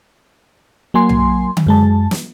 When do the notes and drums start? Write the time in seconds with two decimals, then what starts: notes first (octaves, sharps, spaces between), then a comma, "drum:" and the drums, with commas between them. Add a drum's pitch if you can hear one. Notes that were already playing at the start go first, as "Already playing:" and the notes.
0.94 F#3 A#3 G#5 C6
1.09 drum: tom B1
1.57 drum: tom D3
1.67 F#2 G#3 A5
2.11 drum: snare